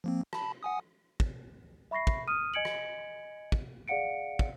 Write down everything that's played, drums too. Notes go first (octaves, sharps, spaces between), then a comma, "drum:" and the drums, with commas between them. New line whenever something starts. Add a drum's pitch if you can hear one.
F3 A#3 C4
A5 B5, drum: rim click
F#5 G#5 D#6
drum: kick
E5 B5 C#6 A#6 C7
drum: kick
D#6 F6 D#7
D#5 G#5 G#6 C#7 D7 F#7
drum: rim click
drum: kick
G#4 D5 F5 F#5 C#7 D7
drum: kick